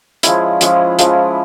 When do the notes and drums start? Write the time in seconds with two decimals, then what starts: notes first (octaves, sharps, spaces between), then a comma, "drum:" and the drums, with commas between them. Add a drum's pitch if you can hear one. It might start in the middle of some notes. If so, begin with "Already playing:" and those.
0.23 F3 G#3 C#4 E4, drum: hi-hat
0.61 F3 G#3 C#4 E4, drum: hi-hat
0.99 F3 G#3 C#4 E4, drum: hi-hat